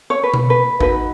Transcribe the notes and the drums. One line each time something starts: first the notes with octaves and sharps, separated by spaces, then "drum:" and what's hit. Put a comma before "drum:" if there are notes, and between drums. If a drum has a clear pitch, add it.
C#5
B4
drum: tom B2
B4
D#4 F#4 B4, drum: kick G#1